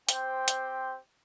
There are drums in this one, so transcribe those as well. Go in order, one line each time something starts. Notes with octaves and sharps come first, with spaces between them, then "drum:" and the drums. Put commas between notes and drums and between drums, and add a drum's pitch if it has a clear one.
C4 G4 C5 G5, drum: hi-hat
drum: hi-hat